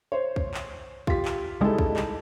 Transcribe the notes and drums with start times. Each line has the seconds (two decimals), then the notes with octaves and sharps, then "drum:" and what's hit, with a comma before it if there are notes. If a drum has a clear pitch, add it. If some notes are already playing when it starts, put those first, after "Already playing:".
0.12 C5 C#5
0.36 drum: kick
0.54 drum: clap
1.07 F4 G4 B6, drum: kick
1.25 drum: clap
1.61 C#2 G3 G#3 D#4 E4 A4
1.78 drum: kick
1.96 drum: clap